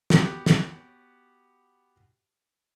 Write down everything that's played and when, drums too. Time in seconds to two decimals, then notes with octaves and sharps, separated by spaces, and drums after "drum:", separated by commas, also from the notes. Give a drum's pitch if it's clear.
0.10 B3 F#4 G4, drum: snare
0.46 drum: snare